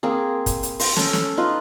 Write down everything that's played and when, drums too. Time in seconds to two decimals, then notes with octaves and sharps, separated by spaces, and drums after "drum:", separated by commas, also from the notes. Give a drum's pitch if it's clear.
0.03 A#3 C4 G#4
0.46 drum: kick, hi-hat
0.63 drum: hi-hat
0.80 C5, drum: open hi-hat
0.96 C#4 A4, drum: snare
1.13 drum: snare
1.37 D#4 F4 B4